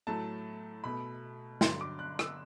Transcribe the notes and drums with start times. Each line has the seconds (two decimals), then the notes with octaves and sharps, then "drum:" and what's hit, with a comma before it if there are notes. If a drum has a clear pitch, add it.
0.07 A2 F#3 A3 A5
0.84 B2 A3 B5
1.61 G2 D3 F#3 C6, drum: snare
1.81 D6
1.99 F#6
2.19 E6, drum: rim click